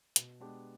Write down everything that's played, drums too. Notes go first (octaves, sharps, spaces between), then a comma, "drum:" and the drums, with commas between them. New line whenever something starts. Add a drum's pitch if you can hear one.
B2, drum: hi-hat
G#3 B3 D4 G4